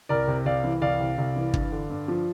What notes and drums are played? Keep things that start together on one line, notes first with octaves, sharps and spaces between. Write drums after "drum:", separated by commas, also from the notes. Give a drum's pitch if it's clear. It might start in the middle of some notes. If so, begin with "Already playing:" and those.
C2 A#4 D5
C3
C2 D5 F5
E3
C2 D5 F5
C3
C2
E3
G2, drum: kick
D3
G2
F3